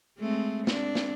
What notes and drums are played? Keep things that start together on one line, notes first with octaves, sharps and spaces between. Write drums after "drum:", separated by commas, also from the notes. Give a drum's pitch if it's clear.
G#3 A3 C4
G#3 C4 D4, drum: snare
drum: snare